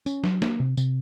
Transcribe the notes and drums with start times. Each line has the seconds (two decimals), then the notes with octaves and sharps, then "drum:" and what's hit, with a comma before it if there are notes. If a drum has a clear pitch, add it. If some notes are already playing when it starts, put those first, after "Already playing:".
0.06 C#4, drum: tambourine
0.24 F#3, drum: snare
0.42 A#3, drum: snare
0.60 C3
0.77 C3, drum: tambourine